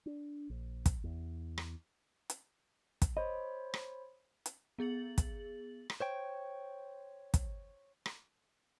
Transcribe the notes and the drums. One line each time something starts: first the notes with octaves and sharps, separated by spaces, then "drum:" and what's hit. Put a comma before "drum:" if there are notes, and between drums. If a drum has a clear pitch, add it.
D4
A#1
drum: kick, hi-hat
E2
drum: rim click
drum: hi-hat
drum: kick, hi-hat
C5 C#5 D#5 B5
drum: rim click
drum: hi-hat
B3 G#4 A6 F#7
drum: kick, hi-hat
drum: rim click
C5 C#5 G5
drum: kick, hi-hat
drum: rim click